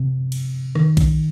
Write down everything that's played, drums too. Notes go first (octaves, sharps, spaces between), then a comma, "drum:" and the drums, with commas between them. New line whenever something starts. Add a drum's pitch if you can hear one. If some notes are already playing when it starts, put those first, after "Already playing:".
Already playing: C3
drum: cymbal
D#3, drum: rim click
drum: kick A#1, cymbal